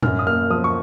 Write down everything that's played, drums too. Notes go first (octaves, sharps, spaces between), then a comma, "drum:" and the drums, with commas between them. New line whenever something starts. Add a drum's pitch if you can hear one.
F#2 F6, drum: tom A2
D#6
A#3 F6
F3 D#6
C#6